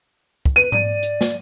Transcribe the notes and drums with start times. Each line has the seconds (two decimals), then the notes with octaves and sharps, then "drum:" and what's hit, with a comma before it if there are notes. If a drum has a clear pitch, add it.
0.45 drum: kick
0.56 B4 D#7
0.72 D5, drum: tom G#2
1.03 drum: hi-hat
1.21 drum: snare